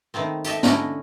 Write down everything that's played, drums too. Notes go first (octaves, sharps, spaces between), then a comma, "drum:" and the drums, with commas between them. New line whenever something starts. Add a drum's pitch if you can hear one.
D#3 A3 B3 C4
G4 A4 D#5 E5, drum: tambourine
D3 C#4 D4 E4 D#5, drum: snare